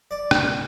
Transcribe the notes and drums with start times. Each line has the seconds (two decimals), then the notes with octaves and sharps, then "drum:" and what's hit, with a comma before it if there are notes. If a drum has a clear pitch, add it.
0.11 D5
0.31 drum: rim click